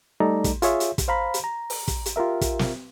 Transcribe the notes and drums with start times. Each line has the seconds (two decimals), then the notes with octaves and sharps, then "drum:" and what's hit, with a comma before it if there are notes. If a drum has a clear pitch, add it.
0.20 G3 A3 D#4 A4 D5 A#5
0.44 drum: kick, hi-hat
0.62 F4 G#4 C#5 E5, drum: hi-hat
0.80 drum: hi-hat
0.98 drum: kick, hi-hat
1.08 C5 F5 A#5 B5
1.34 drum: hi-hat
1.44 A#5
1.70 drum: open hi-hat
1.88 drum: kick, hi-hat
2.06 drum: hi-hat
2.16 F4 G4 A#4 E5
2.41 drum: kick, hi-hat
2.59 drum: snare